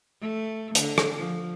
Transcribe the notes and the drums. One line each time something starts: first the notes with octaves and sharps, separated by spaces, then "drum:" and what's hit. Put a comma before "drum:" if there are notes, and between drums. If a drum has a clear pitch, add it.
A3
D3, drum: hi-hat
drum: rim click
F3